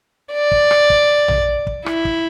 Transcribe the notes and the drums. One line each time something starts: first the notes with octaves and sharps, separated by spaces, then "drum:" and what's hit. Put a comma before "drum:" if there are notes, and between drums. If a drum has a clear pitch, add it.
D5
drum: kick
drum: rim click
drum: kick
drum: tom A#1
drum: kick
E4, drum: rim click
drum: kick